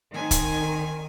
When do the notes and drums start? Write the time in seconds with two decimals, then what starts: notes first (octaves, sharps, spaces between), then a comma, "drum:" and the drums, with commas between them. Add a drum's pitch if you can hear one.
0.14 D#3 C4 G#5
0.31 drum: kick, hi-hat